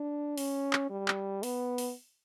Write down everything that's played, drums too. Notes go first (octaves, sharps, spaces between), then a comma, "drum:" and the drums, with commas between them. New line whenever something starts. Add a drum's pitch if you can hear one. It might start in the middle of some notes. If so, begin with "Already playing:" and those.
Already playing: D4
C#4, drum: open hi-hat
drum: clap
G3
drum: clap
B3, drum: open hi-hat
drum: open hi-hat